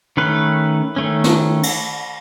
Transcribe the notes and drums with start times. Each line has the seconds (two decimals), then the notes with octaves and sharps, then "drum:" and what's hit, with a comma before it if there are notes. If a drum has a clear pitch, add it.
0.17 D#3 A3 C#4 B4
0.96 D#3 A3 C#4
1.24 drum: snare
1.63 drum: cymbal